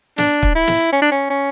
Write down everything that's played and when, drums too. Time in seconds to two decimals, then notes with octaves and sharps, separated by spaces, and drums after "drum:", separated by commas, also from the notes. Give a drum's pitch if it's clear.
0.18 D4, drum: snare
0.43 drum: kick
0.55 E4
0.67 drum: snare
0.92 C#4
1.02 D4
1.11 C#4
1.30 C#4